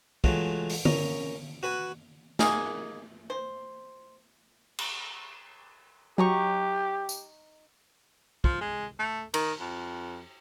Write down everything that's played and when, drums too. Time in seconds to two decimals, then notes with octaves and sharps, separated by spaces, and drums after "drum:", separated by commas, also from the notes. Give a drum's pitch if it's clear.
0.24 E3 F#3 G#3 A3 F4, drum: kick
0.70 drum: open hi-hat
0.85 C#4 A#4, drum: tom D3
1.63 F#4 B4 G#5
2.39 D#3 G#3 A#3 G#4, drum: snare
3.30 C5
4.79 drum: cymbal
6.18 F#3 D#4 G4 A#5 C#6
7.09 drum: tambourine
8.44 F3, drum: kick
8.61 G#3
8.99 A3
9.34 D#3, drum: cymbal
9.60 F2